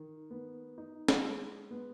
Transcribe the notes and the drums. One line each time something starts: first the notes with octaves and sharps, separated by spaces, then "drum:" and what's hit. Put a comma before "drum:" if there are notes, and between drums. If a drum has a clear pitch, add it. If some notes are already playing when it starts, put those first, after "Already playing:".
Already playing: D#3
B3
D#4
drum: snare
G#3
B3